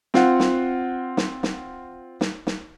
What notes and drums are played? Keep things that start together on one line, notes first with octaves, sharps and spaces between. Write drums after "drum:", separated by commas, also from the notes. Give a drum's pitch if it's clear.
C4 F4 F#5, drum: snare
drum: snare
drum: snare
drum: snare
drum: snare
drum: snare